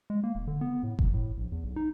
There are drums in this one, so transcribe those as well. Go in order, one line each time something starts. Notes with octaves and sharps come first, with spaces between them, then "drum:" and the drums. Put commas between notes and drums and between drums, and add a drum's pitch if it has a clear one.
G#3
A#3
D#1
D3
B3
A2
F1, drum: kick G1
A2
A#1
E2
B1
D#4